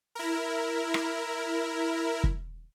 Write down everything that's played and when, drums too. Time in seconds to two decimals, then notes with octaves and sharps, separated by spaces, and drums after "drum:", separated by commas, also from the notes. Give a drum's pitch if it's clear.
0.15 E4 A#4
0.94 drum: rim click
2.24 drum: kick